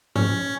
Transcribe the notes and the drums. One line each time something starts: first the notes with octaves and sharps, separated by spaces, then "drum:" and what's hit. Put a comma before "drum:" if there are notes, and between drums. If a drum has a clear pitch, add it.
C#4, drum: tom G#2